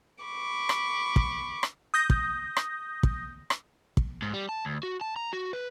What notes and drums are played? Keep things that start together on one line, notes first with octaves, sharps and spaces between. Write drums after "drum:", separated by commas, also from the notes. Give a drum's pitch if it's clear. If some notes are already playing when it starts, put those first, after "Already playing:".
B5 C#6 D6
drum: rim click
drum: kick
drum: rim click
D#6 G6 A#6
drum: kick
drum: rim click
drum: kick
drum: rim click
drum: kick
G#2
G3
A5
D2
F#4
A5
A#5
F#4
B4